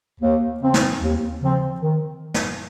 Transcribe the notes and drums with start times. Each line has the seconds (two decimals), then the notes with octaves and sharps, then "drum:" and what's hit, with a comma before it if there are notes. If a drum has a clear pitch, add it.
0.21 D#2
0.61 C#3 F3 C4
0.74 drum: snare
1.01 D#2
1.41 C#3 F3 C4
1.81 D#3
2.34 drum: snare